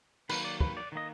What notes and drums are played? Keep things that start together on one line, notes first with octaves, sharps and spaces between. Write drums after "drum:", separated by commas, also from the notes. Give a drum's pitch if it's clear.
D#3 F#3 A#3 B4, drum: cymbal
D5
B4, drum: kick
D5
D#3 A#3 D#5